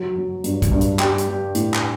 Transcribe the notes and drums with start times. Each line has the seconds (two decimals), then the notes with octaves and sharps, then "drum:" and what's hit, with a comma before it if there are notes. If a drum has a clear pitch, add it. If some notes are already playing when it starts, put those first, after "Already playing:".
Already playing: F#3 F#4
0.16 F#3
0.44 G2, drum: hi-hat
0.62 drum: kick, hi-hat
0.72 G2
0.81 drum: hi-hat
0.99 G3 G4, drum: clap
1.18 drum: hi-hat
1.28 G3
1.55 A2, drum: hi-hat
1.74 drum: clap